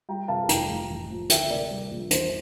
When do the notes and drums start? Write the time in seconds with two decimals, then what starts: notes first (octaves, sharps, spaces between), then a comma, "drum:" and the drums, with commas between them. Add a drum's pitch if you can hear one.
0.08 G3 G5 A#5
0.28 C3 F5 A5
0.49 F1 G5 A#5, drum: hi-hat
0.69 F1
0.90 A1
1.10 F3
1.30 D2 E5 G5, drum: hi-hat
1.50 C3 A#4 D5
1.70 G3
1.91 A#1
2.11 E2 C5, drum: hi-hat